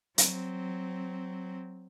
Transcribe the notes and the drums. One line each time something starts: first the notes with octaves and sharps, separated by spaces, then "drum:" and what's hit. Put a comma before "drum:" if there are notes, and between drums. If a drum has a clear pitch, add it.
F#3 C4, drum: hi-hat